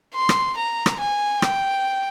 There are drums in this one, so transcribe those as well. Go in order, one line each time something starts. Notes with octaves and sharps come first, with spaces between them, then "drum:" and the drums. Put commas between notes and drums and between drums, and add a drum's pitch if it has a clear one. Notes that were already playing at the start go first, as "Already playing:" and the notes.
C6
drum: rim click
A#5
drum: rim click
G#5
G5, drum: rim click